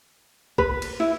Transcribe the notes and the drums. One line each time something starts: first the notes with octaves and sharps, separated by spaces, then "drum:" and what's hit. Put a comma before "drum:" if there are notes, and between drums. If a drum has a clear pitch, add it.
B4, drum: kick
drum: cymbal
E4